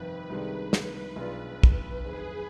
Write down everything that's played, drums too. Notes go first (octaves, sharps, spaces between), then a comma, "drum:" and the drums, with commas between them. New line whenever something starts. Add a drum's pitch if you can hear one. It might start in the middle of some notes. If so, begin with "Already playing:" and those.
Already playing: G1 F2 C3 D#3 B4
C2 C3 D#3 G#3 D4
drum: snare
B1 B2 G#3 D4 F4
drum: kick
F1 F2 D#3 G#4